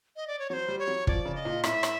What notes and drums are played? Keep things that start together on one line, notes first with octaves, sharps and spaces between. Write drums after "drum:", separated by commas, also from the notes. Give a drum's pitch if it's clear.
D#5
D5
C#5
F#3 C5 C#5
G3
C#5
F#3
F3 D5, drum: kick
C#3
D#5
A#2
A2 E5, drum: rim click
drum: rim click